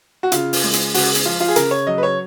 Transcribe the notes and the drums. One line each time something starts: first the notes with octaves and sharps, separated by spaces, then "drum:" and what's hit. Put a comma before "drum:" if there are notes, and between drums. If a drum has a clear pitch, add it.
F#4
C#3 F4, drum: hi-hat
drum: open hi-hat
G#3
drum: hi-hat
C#3 F#4, drum: open hi-hat
drum: hi-hat
F3 F4
F4
G#4
C#3 A#4, drum: hi-hat
C#5
F#3 D#5
B4
C#5